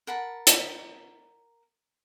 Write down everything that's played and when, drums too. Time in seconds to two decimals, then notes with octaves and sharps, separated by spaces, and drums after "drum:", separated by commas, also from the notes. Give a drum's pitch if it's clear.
0.07 A#4 F#5 A5 B5
0.47 drum: hi-hat